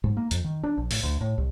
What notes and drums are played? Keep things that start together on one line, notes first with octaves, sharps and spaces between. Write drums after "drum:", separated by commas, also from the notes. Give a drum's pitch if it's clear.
G#2
A#3
F2, drum: hi-hat
D#3
D4
A#1
A2, drum: open hi-hat
D2
A2
C2